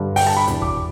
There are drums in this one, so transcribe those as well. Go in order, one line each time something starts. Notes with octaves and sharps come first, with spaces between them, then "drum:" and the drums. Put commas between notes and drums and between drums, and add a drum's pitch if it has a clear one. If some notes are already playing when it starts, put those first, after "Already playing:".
Already playing: G2 D3
G5, drum: open hi-hat
A5
B5
E2 B2, drum: hi-hat
D6, drum: kick